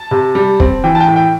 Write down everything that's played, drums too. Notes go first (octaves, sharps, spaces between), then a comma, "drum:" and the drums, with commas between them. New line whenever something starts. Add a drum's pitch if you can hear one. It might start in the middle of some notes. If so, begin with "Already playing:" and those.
Already playing: A5
C3
G3
C4, drum: kick
E3 G5
A5
G5
A2
G5